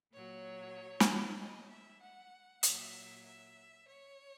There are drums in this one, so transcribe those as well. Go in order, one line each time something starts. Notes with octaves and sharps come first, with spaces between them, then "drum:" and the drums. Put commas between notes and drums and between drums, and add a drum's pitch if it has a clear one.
A#2 F#3 C#5
drum: snare
D#5
E5
F#5
A#2 F#3 E5, drum: hi-hat
E5
C#5